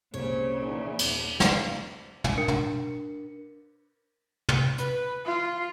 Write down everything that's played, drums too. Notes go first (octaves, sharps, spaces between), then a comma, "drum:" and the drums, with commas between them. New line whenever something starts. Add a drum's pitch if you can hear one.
C2 A#2 C#3 G#3 C5 C#5
A#1 E2 D#4 B4 D5
D#1 D#2, drum: cymbal
D3 G3 A#3 C4 F5, drum: snare
drum: tom
D4 A#4 C#7
drum: tom
drum: tom
B4, drum: hi-hat
F4